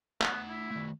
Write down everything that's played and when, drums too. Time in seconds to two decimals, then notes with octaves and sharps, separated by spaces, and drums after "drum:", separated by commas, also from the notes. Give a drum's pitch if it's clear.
0.21 A3 B3 F#5, drum: clap
0.49 E4
0.71 D#3 A3